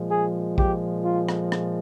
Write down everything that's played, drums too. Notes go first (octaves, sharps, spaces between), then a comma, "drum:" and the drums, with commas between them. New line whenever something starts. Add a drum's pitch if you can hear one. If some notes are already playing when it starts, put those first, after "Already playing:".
Already playing: A#2 F3 G#3
G#4
G4, drum: kick A#1
F4
drum: rim click
drum: rim click